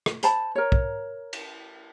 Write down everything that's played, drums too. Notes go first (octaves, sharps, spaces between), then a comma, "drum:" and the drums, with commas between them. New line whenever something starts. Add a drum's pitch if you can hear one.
drum: rim click
C5 A5 B5, drum: hi-hat
A#4 C#5
drum: kick
drum: cymbal